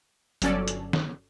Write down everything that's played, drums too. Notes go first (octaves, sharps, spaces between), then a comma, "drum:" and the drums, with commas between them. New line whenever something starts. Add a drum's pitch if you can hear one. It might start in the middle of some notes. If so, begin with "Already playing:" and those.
G1 F#3 C#4 A4 D5, drum: hi-hat
drum: hi-hat
drum: snare